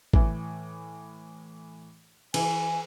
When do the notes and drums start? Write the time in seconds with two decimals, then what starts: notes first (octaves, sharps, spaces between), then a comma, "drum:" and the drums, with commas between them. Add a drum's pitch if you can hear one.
0.13 A2 E3, drum: kick G#1
2.34 E3 G#5, drum: cymbal